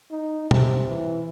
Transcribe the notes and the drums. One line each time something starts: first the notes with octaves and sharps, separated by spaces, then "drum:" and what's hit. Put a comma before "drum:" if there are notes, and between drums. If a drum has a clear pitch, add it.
D#4
C3, drum: tom
E3